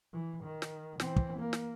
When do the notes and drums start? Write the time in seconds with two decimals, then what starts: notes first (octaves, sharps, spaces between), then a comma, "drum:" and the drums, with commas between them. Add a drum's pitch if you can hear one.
0.13 E3
0.44 D#3
0.62 drum: snare
1.00 E3 C4, drum: snare
1.16 drum: kick
1.39 A#3
1.53 drum: snare